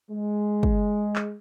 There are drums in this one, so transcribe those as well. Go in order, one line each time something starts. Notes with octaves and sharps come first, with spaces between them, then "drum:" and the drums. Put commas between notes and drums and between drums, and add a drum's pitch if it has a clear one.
G#3
drum: kick
drum: clap